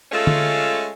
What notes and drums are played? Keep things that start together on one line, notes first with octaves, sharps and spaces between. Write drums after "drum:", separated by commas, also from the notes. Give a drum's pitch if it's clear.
G#3 A3 C#4 F4 A4
drum: tom D3